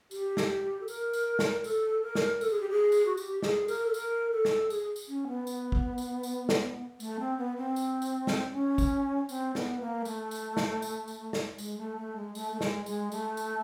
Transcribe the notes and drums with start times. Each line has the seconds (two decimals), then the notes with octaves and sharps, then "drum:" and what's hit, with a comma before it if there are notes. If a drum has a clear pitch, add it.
0.11 G4, drum: tambourine
0.37 drum: snare
0.81 A4
0.88 A#4, drum: tambourine
1.13 drum: tambourine
1.39 drum: snare
1.64 A4, drum: tambourine
2.03 A#4
2.15 drum: snare
2.41 A4, drum: tambourine
2.51 G#4
2.60 G4
2.70 G#4
2.92 drum: tambourine
3.06 F#4
3.17 G4, drum: tambourine
3.42 G#4, drum: snare
3.68 A#4, drum: tambourine
3.86 A4
3.94 A#4, drum: tambourine
4.32 A4
4.45 drum: snare
4.70 G#4, drum: tambourine
4.96 drum: tambourine
5.08 C#4
5.28 B3
5.47 drum: tambourine
5.72 drum: kick
5.98 drum: tambourine
6.23 drum: tambourine
6.49 drum: snare
7.00 A3, drum: tambourine
7.19 C4
7.38 B3
7.57 C4
7.76 drum: tambourine
8.02 drum: tambourine
8.27 drum: snare
8.52 C#4
8.78 drum: kick, tambourine
9.29 C4, drum: tambourine
9.55 B3, drum: snare
9.80 A#3
10.05 A3, drum: tambourine
10.31 drum: tambourine
10.57 drum: snare
10.82 drum: tambourine
11.08 drum: tambourine
11.33 drum: snare
11.58 G#3, drum: tambourine
11.78 A3
11.97 A3
12.16 G#3
12.35 A3, drum: tambourine
12.52 A3
12.61 G#3, drum: snare
12.86 G#3, drum: tambourine
13.12 A3, drum: tambourine
13.37 drum: tambourine